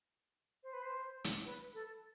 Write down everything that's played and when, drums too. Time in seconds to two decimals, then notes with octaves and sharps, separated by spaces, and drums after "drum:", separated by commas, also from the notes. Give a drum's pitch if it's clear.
0.63 C5
0.73 B4
0.82 C5
1.24 drum: hi-hat
1.46 B4
1.74 A4